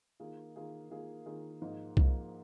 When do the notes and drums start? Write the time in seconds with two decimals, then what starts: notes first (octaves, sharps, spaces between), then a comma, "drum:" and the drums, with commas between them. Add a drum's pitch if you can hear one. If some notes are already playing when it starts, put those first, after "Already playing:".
0.20 D#3 A#3 F4 G#4
0.56 D#3 A#3 F4 G#4
0.90 D#3 A#3 F4 G#4
1.26 D#3 A#3 F4 G#4
1.62 G#2 F3 A#3 D#4
1.97 G#2 F3 A#3 D#4, drum: kick C2